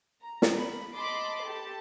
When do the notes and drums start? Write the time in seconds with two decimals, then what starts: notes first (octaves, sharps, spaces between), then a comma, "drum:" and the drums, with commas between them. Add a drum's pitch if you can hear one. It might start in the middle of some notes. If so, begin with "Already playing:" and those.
0.21 A#5
0.42 drum: snare
0.57 B5
0.94 D#5 A5 B5 C6 D6
1.44 G4 A4 A5